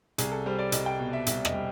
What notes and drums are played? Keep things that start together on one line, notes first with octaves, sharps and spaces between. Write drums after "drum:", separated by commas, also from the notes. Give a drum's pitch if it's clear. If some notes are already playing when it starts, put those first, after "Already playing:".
C2 G#4, drum: hi-hat
A4
G3 C5
D5
C2 D#5, drum: hi-hat
G5
B2
E5
C2 E5, drum: hi-hat
D#5, drum: rim click
G3